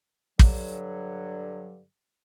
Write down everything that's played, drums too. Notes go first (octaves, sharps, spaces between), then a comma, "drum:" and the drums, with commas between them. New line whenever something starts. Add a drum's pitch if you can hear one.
G2 D3 F#3, drum: kick